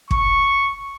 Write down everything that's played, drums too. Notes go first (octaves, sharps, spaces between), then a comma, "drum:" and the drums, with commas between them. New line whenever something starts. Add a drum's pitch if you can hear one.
C#6, drum: kick